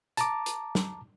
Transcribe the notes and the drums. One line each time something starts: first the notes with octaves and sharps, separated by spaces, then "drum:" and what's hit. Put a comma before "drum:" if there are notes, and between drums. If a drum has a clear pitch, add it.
A5 A#5 D6, drum: hi-hat
drum: hi-hat
drum: snare